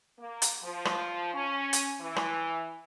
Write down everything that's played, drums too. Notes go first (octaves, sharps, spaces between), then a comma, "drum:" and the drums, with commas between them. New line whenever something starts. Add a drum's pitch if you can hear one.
A#3
drum: hi-hat
F3
drum: rim click
C#4
drum: hi-hat
E3
drum: rim click